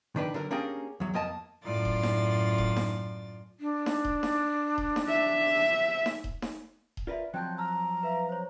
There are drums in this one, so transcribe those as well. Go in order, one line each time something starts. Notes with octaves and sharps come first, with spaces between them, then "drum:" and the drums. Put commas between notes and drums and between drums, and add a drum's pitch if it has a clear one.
D#3 D4 B4
D3 F#3 A#4
A#3 C#4 D4 G4 G#4 A#4
E2 F#3
F2 A#3 D#5 A5
F#2 A2 F4 D5 A6
drum: kick D#1
drum: snare D#4
drum: kick D#1
drum: snare D#4
D4
drum: snare D#4
drum: kick D#1
drum: snare D#4
drum: kick D#1
drum: snare D#4
E5
drum: snare D#4
drum: kick D#1
drum: snare D#4
drum: kick D#1
F4 A#4 B4 D5 E5
F3 F#3 C4 G5 A5 F#6 G6
A5 A#5 E6 F6
B4 E5 F5
C5 C#5